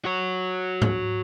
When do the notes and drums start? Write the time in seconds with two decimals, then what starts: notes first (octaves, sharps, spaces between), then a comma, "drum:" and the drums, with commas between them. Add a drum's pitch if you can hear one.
0.05 F#4 C#5
0.82 drum: tom G#2